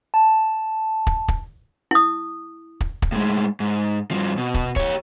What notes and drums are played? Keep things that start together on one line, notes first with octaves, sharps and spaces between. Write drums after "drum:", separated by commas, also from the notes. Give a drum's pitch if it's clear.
A5
drum: kick
drum: kick
E4 D#6
drum: kick
drum: kick
A2 G#3
G#2
G2 F3
B2
drum: kick
G4 C#5, drum: kick